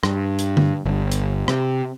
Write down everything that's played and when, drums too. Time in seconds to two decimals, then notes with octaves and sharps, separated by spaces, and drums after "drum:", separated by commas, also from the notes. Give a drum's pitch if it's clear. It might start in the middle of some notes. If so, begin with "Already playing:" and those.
0.03 G2, drum: rim click
0.39 drum: hi-hat
0.57 drum: tom D3
0.86 G1
1.12 drum: hi-hat
1.48 C3, drum: rim click